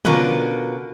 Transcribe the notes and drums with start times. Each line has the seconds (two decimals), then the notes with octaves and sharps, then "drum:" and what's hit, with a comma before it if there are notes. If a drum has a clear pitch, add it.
0.05 B2 D3 C#4 F4 A#4, drum: tom C#3